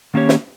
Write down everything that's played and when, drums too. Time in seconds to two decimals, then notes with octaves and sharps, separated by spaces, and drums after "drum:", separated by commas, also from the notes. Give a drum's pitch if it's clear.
0.14 D#3 A#3 C#4 G4 C#5
0.29 drum: snare